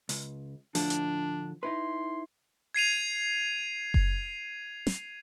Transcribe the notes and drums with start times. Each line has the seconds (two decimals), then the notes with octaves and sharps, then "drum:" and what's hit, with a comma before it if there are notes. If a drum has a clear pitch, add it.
0.09 C#2, drum: open hi-hat
0.75 A2 D3 F3 D4, drum: open hi-hat
0.90 drum: hi-hat
1.63 D#4 E4 B4 C6
2.74 G#6 C7 D#7 F7
3.94 drum: kick F#1
4.87 drum: snare